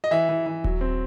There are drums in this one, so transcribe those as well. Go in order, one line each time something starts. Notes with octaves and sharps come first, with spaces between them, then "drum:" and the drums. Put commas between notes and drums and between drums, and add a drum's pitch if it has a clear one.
D#5
E3 E5
E3
E3
F#3, drum: kick D#1
C4